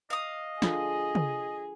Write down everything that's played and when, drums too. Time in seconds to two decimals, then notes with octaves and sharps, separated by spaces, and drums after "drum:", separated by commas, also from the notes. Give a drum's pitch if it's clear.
0.10 D#5 F5 D#6
0.62 D4 F4 G#4 A4, drum: snare
1.15 drum: tom